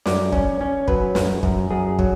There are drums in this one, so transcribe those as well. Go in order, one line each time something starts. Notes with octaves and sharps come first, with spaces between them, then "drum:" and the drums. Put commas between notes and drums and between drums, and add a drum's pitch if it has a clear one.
F#2 D5, drum: snare
C#4, drum: kick
C#4
F#3 B4, drum: kick
F#2, drum: snare
F#2, drum: kick
F#2 G#4
F#3, drum: kick